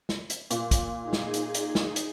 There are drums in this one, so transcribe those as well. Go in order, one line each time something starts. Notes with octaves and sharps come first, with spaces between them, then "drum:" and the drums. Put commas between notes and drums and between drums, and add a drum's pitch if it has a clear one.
drum: snare
drum: hi-hat
A#2, drum: hi-hat
drum: kick, hi-hat
D#4 G#4
drum: snare
drum: hi-hat
drum: hi-hat
drum: snare
drum: hi-hat